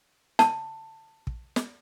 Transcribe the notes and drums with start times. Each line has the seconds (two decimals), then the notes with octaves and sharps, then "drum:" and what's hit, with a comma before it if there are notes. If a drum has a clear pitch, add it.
0.39 A5, drum: snare
1.27 drum: kick
1.56 drum: snare